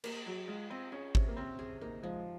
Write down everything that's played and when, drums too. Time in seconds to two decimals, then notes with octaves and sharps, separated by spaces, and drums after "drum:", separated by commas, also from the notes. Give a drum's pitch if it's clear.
0.04 A#3 D#5, drum: cymbal
0.26 F#3 G#4
0.48 G#3 F4
0.70 C4 D#5
0.92 C#4 G#4
1.15 C3, drum: kick G#1
1.28 A#3
1.37 C4 C#4
1.59 G#4
1.81 A#3 D#4
2.03 F3 G#3